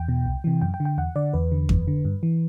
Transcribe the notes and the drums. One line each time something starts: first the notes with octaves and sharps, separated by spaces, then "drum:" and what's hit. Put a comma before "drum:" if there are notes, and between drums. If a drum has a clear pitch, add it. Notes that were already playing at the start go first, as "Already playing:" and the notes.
Already playing: E2 G5
B2
C2
C3 E3
F#2 G5
G5
D3
G5
E2 F#5
D3 D5
E2 B4
D3
E2, drum: kick F2
D3
G2
E3